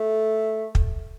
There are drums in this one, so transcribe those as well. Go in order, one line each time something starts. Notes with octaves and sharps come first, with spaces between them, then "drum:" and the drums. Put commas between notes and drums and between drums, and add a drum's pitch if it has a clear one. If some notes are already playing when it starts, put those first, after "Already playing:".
Already playing: A3
drum: kick